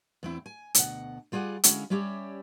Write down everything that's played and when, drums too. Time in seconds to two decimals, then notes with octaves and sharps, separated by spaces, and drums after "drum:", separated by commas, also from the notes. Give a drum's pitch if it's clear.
0.23 E2 C4 E4
0.46 G#5
0.74 D2 B2 F#5, drum: hi-hat
1.32 G3 F4 G#4 D5 F#5
1.64 D3 G#3 C#4 E4 F#4 F5, drum: hi-hat
1.90 G3 C#4 G4 C#5 D5 E5